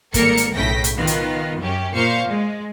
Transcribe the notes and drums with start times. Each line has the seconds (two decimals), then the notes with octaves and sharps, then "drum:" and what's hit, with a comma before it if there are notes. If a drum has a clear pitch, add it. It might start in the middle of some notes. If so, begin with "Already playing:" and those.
0.14 G#1 G3 A#3 A4 A#4 C#7, drum: kick, hi-hat
0.37 drum: hi-hat
0.54 B1 A2 C#3 G5 A#6 B6
0.84 drum: hi-hat
0.97 D#3 B3 F4
1.07 drum: hi-hat
1.61 F#2 C#4 G4
1.94 A#2 C5 F5 C#6 C#7
2.28 G#3